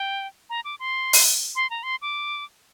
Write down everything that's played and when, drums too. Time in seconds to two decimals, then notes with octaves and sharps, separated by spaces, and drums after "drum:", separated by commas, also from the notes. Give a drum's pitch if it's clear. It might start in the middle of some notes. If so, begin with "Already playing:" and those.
Already playing: G5
0.50 A#5
0.65 D6
0.80 C6
1.13 drum: open hi-hat
1.55 C6
1.70 A#5
1.83 C6
2.02 D6